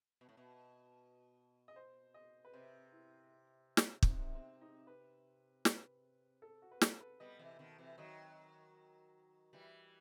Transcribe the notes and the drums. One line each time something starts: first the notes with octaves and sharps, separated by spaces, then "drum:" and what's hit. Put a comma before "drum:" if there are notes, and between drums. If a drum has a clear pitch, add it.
B2
A2
B2
D#5
C5
D#5
B4
C3 C5
E4
drum: snare
C4, drum: kick
C3 D#4
C4
D#4
B4
B4, drum: snare
A4
F#4
B4
A4, drum: snare
B4
G3 B3 D#5
C3 E3
B2 D#3
C3 E3
D#3 F#3 D#5
E3 G3